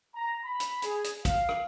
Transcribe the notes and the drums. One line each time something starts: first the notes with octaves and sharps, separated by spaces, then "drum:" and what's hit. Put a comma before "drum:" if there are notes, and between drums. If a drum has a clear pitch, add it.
A#5
B5
drum: hi-hat
G#4, drum: hi-hat
drum: hi-hat
F5, drum: kick, hi-hat
drum: rim click